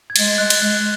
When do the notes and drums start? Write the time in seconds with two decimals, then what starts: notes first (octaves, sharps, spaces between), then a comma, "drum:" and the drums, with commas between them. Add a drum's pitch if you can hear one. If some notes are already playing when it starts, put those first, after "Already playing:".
0.10 G#6
0.16 G#3 A6, drum: cymbal
0.38 G#3 F#6
0.50 drum: cymbal
0.62 G#3 F#6